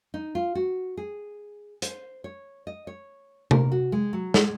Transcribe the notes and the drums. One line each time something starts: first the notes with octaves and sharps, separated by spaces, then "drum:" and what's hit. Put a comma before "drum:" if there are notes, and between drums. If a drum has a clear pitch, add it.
D#4
F4
F#4
G#4
C5, drum: hi-hat
C#5
D#5
C#5
A#4, drum: tom C3
F#4
G#3
F#3
G#3, drum: snare